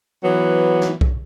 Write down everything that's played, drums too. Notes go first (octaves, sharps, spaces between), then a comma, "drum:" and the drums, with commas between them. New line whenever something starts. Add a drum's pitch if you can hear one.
E3 F#3 B3
drum: snare
drum: kick B1